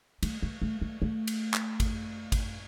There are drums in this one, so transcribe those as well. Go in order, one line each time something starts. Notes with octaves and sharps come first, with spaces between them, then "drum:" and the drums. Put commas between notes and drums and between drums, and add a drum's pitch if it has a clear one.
A3, drum: cymbal
A3
A3
A3
A3
drum: cymbal
drum: clap
drum: kick G#1, cymbal
drum: kick G#1, cymbal